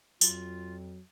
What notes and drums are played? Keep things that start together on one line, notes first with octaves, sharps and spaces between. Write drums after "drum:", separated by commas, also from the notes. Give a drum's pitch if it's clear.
F2 F#3 F4, drum: tambourine